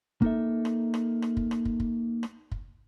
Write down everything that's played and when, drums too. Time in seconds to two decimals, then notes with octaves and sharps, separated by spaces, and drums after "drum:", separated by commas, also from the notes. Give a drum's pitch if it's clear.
0.22 A#3 D#4 A4 E5, drum: kick
0.65 drum: rim click
0.94 drum: rim click
1.22 drum: rim click
1.37 drum: kick
1.51 drum: rim click
1.65 drum: kick
1.80 drum: kick
2.23 drum: rim click
2.52 drum: kick